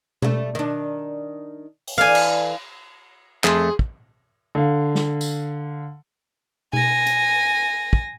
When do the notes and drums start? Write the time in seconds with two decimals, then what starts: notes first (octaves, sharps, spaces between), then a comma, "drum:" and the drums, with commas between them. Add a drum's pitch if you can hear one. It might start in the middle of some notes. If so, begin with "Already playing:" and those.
0.22 G3 A3, drum: tom B2
0.55 D#3 D4
1.87 drum: open hi-hat
1.98 E3 A4 D5 F5 G#5
2.15 drum: cymbal
3.44 F2 A3 G#4 C6, drum: clap
3.79 drum: kick
4.55 D3 F5
4.95 drum: snare
5.21 drum: tambourine
6.73 G#5 A#6, drum: tom B2
7.07 drum: hi-hat
7.93 drum: kick